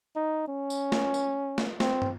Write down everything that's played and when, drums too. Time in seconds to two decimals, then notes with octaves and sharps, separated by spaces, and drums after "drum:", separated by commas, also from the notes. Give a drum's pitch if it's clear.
0.16 D#4
0.48 C#4
0.70 drum: tambourine
0.92 drum: snare
1.14 drum: tambourine
1.58 drum: snare
1.80 C4, drum: snare
2.02 drum: tom